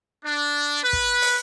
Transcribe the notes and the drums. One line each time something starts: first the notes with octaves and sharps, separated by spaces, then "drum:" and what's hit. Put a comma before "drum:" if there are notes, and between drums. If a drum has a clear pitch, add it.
D4
B4
drum: kick
drum: open hi-hat